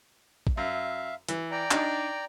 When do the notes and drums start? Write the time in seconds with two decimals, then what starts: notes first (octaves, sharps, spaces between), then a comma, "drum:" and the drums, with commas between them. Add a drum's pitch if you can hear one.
0.47 drum: kick
0.57 F#2 E5 F5
1.28 E3, drum: hi-hat
1.51 D5 G5 A#5
1.71 D4 D#4, drum: clap